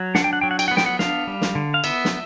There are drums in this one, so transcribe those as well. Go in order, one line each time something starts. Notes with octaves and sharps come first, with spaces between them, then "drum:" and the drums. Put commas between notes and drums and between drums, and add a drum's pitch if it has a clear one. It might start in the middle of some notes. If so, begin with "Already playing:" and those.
Already playing: F#3
D4 F#5, drum: snare
G5
F#5
F#3 G5
F#5
G5, drum: cymbal
B3 F#5
G5, drum: snare
F#5
D4 F5, drum: snare
G3
drum: snare
D3
F5
B3 E5, drum: cymbal
drum: snare